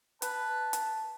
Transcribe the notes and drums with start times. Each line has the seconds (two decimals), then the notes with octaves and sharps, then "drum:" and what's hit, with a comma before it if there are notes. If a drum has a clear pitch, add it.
0.22 B4 A5, drum: hi-hat
0.73 drum: hi-hat